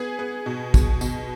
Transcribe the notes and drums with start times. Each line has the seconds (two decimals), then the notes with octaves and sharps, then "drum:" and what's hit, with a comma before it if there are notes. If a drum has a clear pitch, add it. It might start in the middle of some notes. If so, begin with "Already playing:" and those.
Already playing: B3 G#4
0.19 B3
0.46 B2
0.74 B2, drum: kick, tambourine
1.01 B2, drum: tambourine